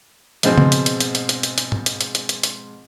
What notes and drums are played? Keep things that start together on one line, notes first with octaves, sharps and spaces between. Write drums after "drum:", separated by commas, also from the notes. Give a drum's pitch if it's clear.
G#2 B2 F3 G#3 C4, drum: hi-hat
drum: tom C#3
drum: hi-hat
drum: hi-hat
drum: hi-hat
drum: hi-hat
drum: hi-hat
drum: hi-hat
drum: hi-hat
drum: tom G#2
drum: hi-hat
drum: hi-hat
drum: hi-hat
drum: hi-hat
drum: hi-hat